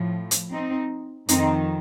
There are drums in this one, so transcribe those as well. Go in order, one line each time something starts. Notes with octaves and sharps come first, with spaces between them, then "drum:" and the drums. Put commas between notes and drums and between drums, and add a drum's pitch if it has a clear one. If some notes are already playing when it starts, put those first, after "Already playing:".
Already playing: A2 F3
drum: hi-hat
C4 D#4
F2 D#3 C4 D#4, drum: hi-hat